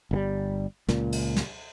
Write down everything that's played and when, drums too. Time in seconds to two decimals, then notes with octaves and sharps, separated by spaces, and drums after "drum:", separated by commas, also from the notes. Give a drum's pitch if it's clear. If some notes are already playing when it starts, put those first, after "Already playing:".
0.11 G1 D3 G3
0.89 C#2 A#2, drum: snare
1.12 drum: cymbal
1.36 drum: snare